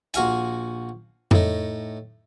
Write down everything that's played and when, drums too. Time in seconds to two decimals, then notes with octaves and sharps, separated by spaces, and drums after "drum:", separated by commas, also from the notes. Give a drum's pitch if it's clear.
0.14 A#1 F#4 F5 G#5, drum: hi-hat
1.31 A2 D#4, drum: tom F2